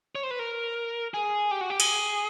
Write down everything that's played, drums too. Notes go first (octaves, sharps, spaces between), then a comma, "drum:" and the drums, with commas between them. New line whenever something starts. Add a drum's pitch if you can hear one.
C#5
C5
B4
A#4
G#4
G4
F#4
G4
G#4, drum: cymbal